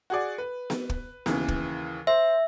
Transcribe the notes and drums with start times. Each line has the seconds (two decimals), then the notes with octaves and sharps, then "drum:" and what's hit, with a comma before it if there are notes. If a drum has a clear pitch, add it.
0.10 F#4 G#4 D5
0.38 B4
0.70 drum: snare B3
0.90 drum: kick
1.26 D#2 C#3 E3, drum: snare B3
1.48 drum: kick
2.07 C5 E5